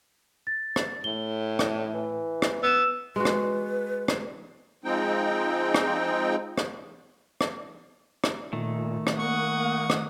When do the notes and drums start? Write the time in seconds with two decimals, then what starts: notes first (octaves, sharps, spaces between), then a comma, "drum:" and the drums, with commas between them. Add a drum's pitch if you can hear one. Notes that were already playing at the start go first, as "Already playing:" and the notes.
0.47 A6
0.76 drum: rim click
1.04 A2 G7
1.59 drum: rim click
1.94 E3
2.42 drum: rim click
2.63 B3 E6 E7
3.16 G#3 F#4 B4
3.25 drum: rim click
4.08 drum: rim click
4.84 F3 G#3 C4 D#4 G5
5.74 drum: rim click
6.58 drum: rim click
7.41 drum: rim click
8.24 drum: rim click
8.53 A#2 D#3 A3
9.07 drum: rim click
9.19 A#3 F#5 C#6 D#6
9.90 drum: rim click